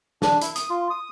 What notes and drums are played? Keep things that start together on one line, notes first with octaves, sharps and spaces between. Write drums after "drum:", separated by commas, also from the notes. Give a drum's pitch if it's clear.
D4, drum: snare
E4, drum: hi-hat
D#6, drum: hi-hat
F4
D#6